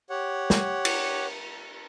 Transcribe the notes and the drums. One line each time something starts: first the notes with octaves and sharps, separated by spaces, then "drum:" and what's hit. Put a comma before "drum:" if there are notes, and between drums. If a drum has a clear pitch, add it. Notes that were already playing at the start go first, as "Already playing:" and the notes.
G4 C#5 F#5
drum: snare
drum: cymbal